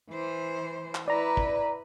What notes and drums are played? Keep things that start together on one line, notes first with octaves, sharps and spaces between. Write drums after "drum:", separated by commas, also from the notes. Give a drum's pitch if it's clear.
E3 C5
drum: clap
E4 B4 D5 A#5
drum: kick